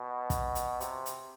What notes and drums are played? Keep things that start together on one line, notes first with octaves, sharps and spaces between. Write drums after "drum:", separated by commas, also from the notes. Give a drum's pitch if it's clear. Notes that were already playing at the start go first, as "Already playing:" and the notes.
Already playing: B2
drum: kick, hi-hat
drum: hi-hat
C3, drum: hi-hat
drum: hi-hat